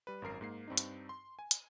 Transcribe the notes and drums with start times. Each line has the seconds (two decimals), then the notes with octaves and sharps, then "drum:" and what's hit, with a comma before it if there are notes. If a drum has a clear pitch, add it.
0.07 G3 B4
0.22 G#1 F#2 A#4 C7
0.41 G#2 A#3 C7
0.68 G2 C4 D4 D#4
0.77 drum: hi-hat
1.09 C6
1.39 G#5
1.51 drum: hi-hat